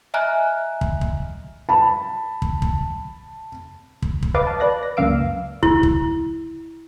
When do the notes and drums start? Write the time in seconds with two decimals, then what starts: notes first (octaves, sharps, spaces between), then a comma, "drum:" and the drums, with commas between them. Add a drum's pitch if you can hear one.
0.14 D#5 E5 G#5 A#5 F6 F#6
0.81 drum: kick
1.01 drum: kick
1.69 A5 B5
2.42 drum: kick
2.62 drum: kick
4.02 drum: kick
4.22 drum: kick
4.34 B4 D#5 F5 D6 A6
4.47 A5
4.60 B4 D5 F#6 A#6
4.83 A#6
4.97 C#2 F#2 A#3 F5 E6 D7
5.63 E4, drum: kick
5.83 drum: kick